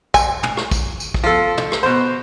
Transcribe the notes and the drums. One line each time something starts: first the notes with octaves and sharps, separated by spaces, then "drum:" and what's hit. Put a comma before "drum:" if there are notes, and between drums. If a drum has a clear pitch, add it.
G#5, drum: kick, tambourine
drum: tom
drum: rim click
drum: kick, tambourine
drum: tambourine
drum: kick
F3 A4
drum: tom
drum: rim click
B2 C5